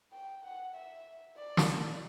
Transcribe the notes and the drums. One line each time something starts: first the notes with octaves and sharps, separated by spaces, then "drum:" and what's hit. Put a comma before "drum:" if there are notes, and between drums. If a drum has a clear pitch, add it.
G5
F#5
E5
D5
drum: snare